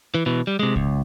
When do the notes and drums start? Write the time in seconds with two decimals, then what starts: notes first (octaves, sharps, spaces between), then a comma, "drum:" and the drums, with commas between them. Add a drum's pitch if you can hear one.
0.14 E3
0.26 B2 E3
0.47 G3
0.59 C3 G#3
0.76 C#2, drum: kick C2